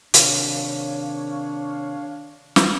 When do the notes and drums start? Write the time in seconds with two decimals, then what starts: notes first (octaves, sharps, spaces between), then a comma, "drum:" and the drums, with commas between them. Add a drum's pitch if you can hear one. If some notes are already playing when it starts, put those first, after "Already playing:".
0.14 C3 D#3 D4 C#5 F5, drum: hi-hat
2.56 drum: snare